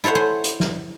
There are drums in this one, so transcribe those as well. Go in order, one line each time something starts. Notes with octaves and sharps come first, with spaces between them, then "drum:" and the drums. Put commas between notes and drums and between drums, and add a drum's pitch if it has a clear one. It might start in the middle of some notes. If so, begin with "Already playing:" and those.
E4 A4 C5 C#5 F#5
C5 F#5 G#5
drum: hi-hat
drum: snare